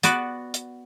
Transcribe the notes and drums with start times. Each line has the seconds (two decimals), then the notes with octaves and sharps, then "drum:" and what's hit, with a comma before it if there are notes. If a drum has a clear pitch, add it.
0.03 B3 F#4 D5, drum: hi-hat
0.54 drum: hi-hat